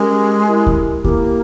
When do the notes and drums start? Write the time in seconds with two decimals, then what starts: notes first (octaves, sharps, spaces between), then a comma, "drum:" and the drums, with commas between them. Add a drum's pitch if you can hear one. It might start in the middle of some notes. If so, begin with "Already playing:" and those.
Already playing: G#3 C#4 G4 A#4
0.48 E4 G4 A#4
0.67 drum: kick D2
1.04 A#3 B3 E4 G4 A#4, drum: kick D2